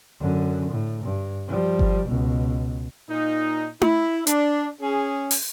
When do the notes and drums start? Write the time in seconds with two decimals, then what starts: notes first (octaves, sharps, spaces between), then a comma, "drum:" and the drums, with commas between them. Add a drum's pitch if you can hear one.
0.20 F#2 D3
0.71 A2
1.04 G2
1.48 F3 G3
1.79 drum: kick G1
2.06 C#2 B2
3.10 A#2 D#4
3.82 E4, drum: tom E4
4.27 D4, drum: hi-hat
4.81 C#4 G#4
5.31 drum: open hi-hat